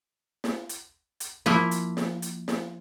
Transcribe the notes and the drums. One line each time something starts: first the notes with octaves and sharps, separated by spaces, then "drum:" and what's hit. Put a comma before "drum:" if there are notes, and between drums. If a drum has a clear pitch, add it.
drum: snare
drum: hi-hat
drum: hi-hat
F3 A#3 E4, drum: snare
drum: hi-hat
drum: snare
drum: hi-hat
drum: snare